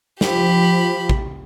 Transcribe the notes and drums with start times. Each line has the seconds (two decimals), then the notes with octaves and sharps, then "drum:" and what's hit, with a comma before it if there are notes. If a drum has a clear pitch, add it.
0.21 F3 G4 B5, drum: snare
1.09 drum: kick A1